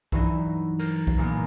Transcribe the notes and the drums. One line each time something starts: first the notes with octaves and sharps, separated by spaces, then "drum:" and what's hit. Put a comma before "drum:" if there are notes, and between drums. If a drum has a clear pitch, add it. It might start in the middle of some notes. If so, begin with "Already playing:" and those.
G2 E3 F#3 D#4 E4, drum: kick
A#4, drum: cymbal
drum: kick
A#2 G#3 A#3 B3